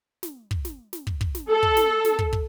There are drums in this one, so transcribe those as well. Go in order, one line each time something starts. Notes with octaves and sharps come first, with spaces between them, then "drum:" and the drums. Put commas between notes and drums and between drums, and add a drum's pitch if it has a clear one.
drum: snare
drum: kick
drum: snare
drum: snare
drum: kick
drum: kick
drum: snare
A4
drum: kick
drum: snare
drum: snare
drum: kick
drum: kick